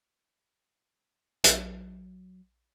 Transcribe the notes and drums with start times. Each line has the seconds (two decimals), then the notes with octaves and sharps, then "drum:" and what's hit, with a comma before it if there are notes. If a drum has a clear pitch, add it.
1.44 A#1 F#3, drum: hi-hat